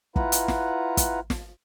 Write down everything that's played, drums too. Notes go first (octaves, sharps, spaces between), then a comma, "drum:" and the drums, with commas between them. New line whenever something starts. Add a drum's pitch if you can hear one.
E4 F4 B4 F#5 A#5, drum: kick
drum: hi-hat
drum: snare
drum: kick, hi-hat
drum: snare